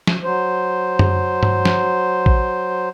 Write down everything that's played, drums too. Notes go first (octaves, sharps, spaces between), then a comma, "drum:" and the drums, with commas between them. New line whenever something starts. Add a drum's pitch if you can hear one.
drum: snare
F#3 C5
drum: tom F#2
drum: tom G2
drum: snare
drum: kick A#1